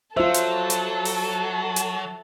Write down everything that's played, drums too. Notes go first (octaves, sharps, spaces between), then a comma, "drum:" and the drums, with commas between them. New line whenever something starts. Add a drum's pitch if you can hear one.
F#3 F4 A4 C5 E5
drum: hi-hat
drum: hi-hat
drum: open hi-hat
drum: hi-hat